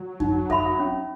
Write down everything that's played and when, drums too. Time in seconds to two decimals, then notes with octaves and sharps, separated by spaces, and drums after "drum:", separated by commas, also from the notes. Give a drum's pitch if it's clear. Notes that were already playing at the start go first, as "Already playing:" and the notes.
Already playing: F#3
0.20 D#4, drum: kick F#2
0.50 A4 E5 B5, drum: kick F#2
0.79 C#4